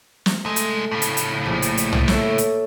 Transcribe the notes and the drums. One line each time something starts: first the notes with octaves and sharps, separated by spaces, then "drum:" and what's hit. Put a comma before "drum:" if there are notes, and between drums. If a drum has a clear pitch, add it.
drum: snare
C2 G#3 A3
drum: hi-hat
A2 C#3
drum: hi-hat
drum: hi-hat
A#1 D#7
drum: hi-hat
drum: hi-hat
drum: tom
A4 C#5 E5, drum: snare
drum: hi-hat